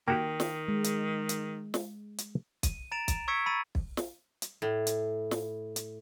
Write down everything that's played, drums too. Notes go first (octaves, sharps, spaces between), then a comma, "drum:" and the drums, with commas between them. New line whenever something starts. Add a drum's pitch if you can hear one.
D#3 A#3 F#4 G4 G5
drum: snare
G#3
drum: hi-hat
drum: hi-hat
drum: snare
drum: hi-hat
D#7, drum: kick, hi-hat
A#5 A6 D7 E7 F7
drum: kick, hi-hat
C#6 E6 G#6 B6 C#7 D7
A#5 B5 C#6 E6 A6 D#7
drum: kick
drum: snare
drum: hi-hat
A2
drum: hi-hat
drum: snare
drum: hi-hat